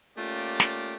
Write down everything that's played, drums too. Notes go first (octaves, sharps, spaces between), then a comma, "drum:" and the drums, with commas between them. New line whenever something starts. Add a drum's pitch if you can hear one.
A3 A#3 C#4 F4 G4 D5
drum: snare